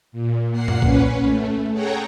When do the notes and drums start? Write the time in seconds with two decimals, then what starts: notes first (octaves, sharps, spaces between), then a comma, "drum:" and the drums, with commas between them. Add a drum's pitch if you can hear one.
0.12 A#2
0.52 A#2 A#3 F#5 C7
0.68 drum: tom F#2
0.82 C#4 B4, drum: kick B1
1.24 A3
1.73 G#4 A4 C#5 F#5 G5 A#5